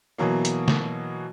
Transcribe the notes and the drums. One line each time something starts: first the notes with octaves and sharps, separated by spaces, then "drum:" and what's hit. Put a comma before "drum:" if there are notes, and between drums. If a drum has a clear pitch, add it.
B2 E3 F#3 A#3
drum: hi-hat
drum: snare